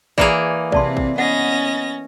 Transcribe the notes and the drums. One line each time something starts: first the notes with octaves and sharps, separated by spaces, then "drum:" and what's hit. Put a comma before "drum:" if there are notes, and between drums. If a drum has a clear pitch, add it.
E3 A#3 G#4 D5, drum: kick
C3 C4 D5 A5 C6, drum: kick
drum: kick
B3 C#4 D#5 F#5 A#6